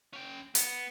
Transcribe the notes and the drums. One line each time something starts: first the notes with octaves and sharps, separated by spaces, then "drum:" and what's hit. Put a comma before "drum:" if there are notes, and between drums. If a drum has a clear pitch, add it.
C#4 G5
B3, drum: hi-hat